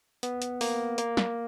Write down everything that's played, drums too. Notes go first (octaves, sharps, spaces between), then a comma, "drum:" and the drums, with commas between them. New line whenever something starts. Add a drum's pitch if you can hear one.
B3, drum: hi-hat
drum: hi-hat
A#3, drum: open hi-hat
A#3, drum: hi-hat
drum: snare